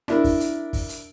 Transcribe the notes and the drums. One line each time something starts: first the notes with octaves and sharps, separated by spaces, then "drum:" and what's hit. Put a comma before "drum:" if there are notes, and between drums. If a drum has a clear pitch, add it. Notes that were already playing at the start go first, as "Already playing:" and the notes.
D4 E4 A#4, drum: rim click
drum: kick, open hi-hat
drum: hi-hat
drum: kick, open hi-hat
drum: hi-hat